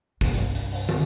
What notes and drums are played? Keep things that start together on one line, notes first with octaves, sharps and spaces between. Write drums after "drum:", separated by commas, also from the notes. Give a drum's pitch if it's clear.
C2 G2, drum: kick, open hi-hat
drum: hi-hat
drum: hi-hat
drum: open hi-hat
drum: tom